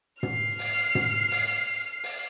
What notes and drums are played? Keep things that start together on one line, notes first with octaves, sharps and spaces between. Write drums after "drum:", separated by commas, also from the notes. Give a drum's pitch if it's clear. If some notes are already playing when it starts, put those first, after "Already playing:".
F6 C7, drum: tom
drum: open hi-hat
drum: tom
drum: open hi-hat
drum: open hi-hat